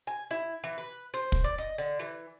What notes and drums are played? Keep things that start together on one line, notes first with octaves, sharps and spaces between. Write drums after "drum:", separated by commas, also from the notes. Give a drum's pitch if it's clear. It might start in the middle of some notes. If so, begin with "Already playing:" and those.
G#5
E4
E3
B4
C5
drum: kick
D5
D#5
D3
E3